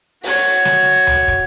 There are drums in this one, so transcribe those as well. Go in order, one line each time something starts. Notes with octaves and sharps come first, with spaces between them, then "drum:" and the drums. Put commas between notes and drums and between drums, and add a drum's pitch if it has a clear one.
F#4 C#5, drum: open hi-hat
drum: snare
drum: tom C#2
drum: kick